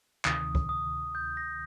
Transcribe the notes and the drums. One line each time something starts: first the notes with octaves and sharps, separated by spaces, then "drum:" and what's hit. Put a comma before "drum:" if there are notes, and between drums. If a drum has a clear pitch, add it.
D2 C3 D#3 D#6, drum: clap
drum: kick C#2
D#6
G6
A#6